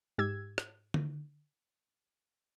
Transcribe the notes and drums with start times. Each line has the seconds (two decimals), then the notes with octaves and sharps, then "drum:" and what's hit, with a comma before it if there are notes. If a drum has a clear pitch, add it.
0.18 G#2 G4 E6 G#6
0.58 drum: rim click
0.94 drum: tom D3